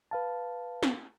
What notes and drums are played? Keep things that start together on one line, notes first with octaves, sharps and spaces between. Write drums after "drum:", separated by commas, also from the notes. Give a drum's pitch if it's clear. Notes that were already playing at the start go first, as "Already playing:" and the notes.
B4 F5 A5
drum: snare